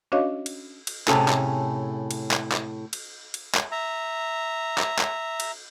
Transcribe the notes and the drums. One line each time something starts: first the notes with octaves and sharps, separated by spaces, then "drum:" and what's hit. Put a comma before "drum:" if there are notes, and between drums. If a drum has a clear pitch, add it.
C#4 D4 F#4 C#5 D#5 F5
drum: cymbal
drum: cymbal
A2 C3 C#4 G#4 A4, drum: clap
drum: clap
drum: cymbal
drum: clap
drum: clap
drum: cymbal
drum: cymbal
drum: clap
E5 A#5
drum: clap
drum: clap
drum: cymbal